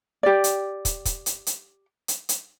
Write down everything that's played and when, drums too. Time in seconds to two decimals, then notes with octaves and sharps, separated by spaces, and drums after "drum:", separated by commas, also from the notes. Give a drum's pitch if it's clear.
0.23 G4 D5
0.44 drum: hi-hat
0.85 drum: kick, hi-hat
1.05 drum: kick, hi-hat
1.26 drum: hi-hat
1.47 drum: hi-hat
2.08 drum: hi-hat
2.29 drum: hi-hat